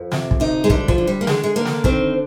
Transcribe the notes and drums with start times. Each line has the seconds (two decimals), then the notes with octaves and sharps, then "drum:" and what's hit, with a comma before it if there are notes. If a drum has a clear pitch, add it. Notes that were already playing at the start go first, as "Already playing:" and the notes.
Already playing: F2
0.12 C3, drum: snare
0.31 drum: kick
0.40 D2 D#4
0.64 G#3
0.70 D3 G3, drum: kick
0.88 F3, drum: kick
0.98 D3
1.07 G3
1.21 A#3
1.27 D3 G#3, drum: snare
1.44 G#3
1.56 D3 A#3
1.65 drum: snare
1.84 D#3 C4, drum: kick